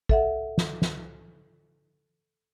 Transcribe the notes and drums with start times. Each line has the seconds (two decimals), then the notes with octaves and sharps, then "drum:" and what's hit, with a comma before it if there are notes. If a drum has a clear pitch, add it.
0.09 A4 E5 F#5, drum: kick
0.58 drum: snare
0.82 drum: snare